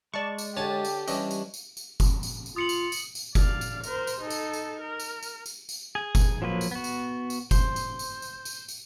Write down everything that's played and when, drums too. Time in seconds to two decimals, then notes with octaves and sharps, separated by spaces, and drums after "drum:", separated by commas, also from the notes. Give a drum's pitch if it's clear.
0.14 G#3 D5 A5 C#6
0.38 drum: tambourine
0.57 D3 G4 C#5 G#5 A5 A6
0.85 drum: tambourine
1.08 E3 G3 C#4 D4 D#5, drum: tambourine
1.31 drum: tambourine
1.54 drum: tambourine
1.77 drum: tambourine
2.00 drum: kick F#1, tambourine
2.23 drum: tambourine
2.46 drum: tambourine
2.56 F4 D#6 C#7 F#7
2.69 drum: tambourine
2.92 drum: tambourine
3.15 drum: tambourine
3.35 D5 F5, drum: kick F#1, tambourine
3.61 drum: tambourine
3.84 A#4 C5, drum: tambourine
4.07 drum: tambourine
4.20 D#4 A4
4.30 drum: tambourine
4.53 drum: tambourine
4.81 A#4
5.00 drum: tambourine
5.23 drum: tambourine
5.46 drum: tambourine
5.69 drum: tambourine
5.95 G#4
6.15 drum: kick F#1, tambourine
6.42 F3 F#3 A#3 B4
6.61 drum: tambourine
6.71 B3 F#4
6.84 drum: tambourine
7.30 drum: tambourine
7.51 C5, drum: kick F#1, tambourine
7.76 drum: tambourine
7.99 drum: tambourine
8.22 drum: tambourine
8.45 drum: tambourine
8.68 drum: tambourine